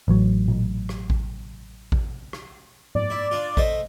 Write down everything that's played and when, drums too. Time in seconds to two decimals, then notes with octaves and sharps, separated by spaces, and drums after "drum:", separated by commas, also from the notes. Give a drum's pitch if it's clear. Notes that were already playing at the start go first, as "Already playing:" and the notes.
0.08 A1 F#3
0.48 drum: tom A#2
0.89 drum: rim click
1.10 drum: kick A1
1.92 drum: kick A1
2.33 drum: rim click
2.95 D5, drum: tom G#2
3.10 E4
3.31 D4 F4
3.57 A3 C5 D#5, drum: kick A1